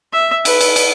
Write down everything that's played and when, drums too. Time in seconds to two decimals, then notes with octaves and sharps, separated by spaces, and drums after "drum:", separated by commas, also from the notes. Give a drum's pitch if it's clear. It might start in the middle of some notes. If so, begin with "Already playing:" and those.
0.13 E5
0.45 B4, drum: cymbal
0.61 drum: cymbal
0.76 drum: cymbal